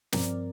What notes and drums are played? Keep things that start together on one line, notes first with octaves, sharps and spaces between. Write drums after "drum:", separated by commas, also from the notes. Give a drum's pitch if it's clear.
G2 F3 C4 A#4 D5, drum: snare